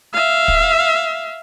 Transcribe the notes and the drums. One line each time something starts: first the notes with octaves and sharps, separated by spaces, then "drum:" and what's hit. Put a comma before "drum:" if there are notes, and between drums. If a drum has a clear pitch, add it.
E5 F5
drum: kick